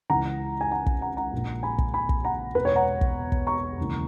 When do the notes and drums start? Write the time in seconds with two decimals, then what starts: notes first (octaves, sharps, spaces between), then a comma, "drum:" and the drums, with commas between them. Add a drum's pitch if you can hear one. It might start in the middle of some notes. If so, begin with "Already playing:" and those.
0.10 C#2 C#3 E3 F#5 A#5
0.61 G#5
0.71 F#5 A#5
0.86 drum: kick
1.01 F#5 A#5
1.17 F#5 A#5
1.33 A#1 A#2
1.63 G#5 B5
1.78 drum: kick
1.94 G#5 B5
2.09 drum: kick
2.24 F#5 A#5
2.55 E1 E2 B2 B4
2.65 C#5
2.76 F#5 A#5
3.01 drum: kick
3.32 drum: kick
3.47 A#5 C#6
3.78 E1 D#2 C#3 E3